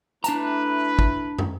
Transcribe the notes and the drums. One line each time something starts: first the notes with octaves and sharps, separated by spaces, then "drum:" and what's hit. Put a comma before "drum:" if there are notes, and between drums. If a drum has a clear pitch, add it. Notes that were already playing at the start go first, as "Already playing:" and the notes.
A3 D4 E4 B4 A5 A#5, drum: hi-hat
drum: kick
drum: tom